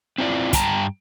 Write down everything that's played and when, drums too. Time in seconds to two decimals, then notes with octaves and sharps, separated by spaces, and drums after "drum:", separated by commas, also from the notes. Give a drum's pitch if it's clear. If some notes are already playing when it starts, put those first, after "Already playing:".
0.18 C4 E4 F4 D5
0.53 G2 G5 A5 A#5, drum: kick, hi-hat